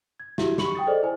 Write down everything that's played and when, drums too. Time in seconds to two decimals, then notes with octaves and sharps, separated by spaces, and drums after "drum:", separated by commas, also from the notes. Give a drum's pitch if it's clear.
0.20 G#6
0.38 E4 F#4 G4 E5, drum: snare
0.58 G4 B5 C#6 C#7 F#7, drum: snare
0.75 G5 D#6 A6
0.87 G#4 A4 C5 D5 D#5
1.02 E4 C5 G#5